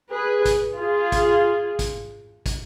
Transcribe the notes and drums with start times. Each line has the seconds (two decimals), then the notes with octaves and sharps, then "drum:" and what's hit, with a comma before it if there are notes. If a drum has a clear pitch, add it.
0.12 G#4 B4
0.45 drum: kick, hi-hat
0.79 F4 G#4
1.12 drum: kick, hi-hat
1.79 drum: kick, hi-hat
2.46 drum: kick, hi-hat